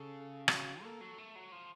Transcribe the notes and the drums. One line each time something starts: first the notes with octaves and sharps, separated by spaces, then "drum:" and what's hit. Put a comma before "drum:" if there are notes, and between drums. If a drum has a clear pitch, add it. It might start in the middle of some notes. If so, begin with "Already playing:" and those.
Already playing: C#3 A4
F#4, drum: rim click
A#3 A4
F#3
A3
F#3
F3